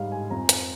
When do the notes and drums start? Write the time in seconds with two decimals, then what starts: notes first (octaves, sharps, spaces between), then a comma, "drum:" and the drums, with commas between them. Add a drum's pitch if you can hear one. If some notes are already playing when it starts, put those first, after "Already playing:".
Already playing: G#2 G3 F5
0.12 G#5
0.31 F2 A#5
0.49 drum: hi-hat